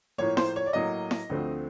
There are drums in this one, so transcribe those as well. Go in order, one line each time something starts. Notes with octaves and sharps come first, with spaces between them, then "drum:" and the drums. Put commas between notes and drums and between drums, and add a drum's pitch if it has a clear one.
A2 F3 A#3 C#5
C5, drum: snare E4
C#5
D5
A2 F#3 A#3 D#5
drum: snare E4
D2 D3 F3 A3 C4